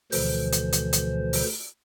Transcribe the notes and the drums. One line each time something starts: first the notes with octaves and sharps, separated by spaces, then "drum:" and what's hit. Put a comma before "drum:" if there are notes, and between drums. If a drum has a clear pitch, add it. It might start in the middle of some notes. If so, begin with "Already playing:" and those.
D2 B2 D3 E3 F3 C5, drum: open hi-hat
drum: hi-hat
drum: hi-hat
drum: hi-hat
drum: open hi-hat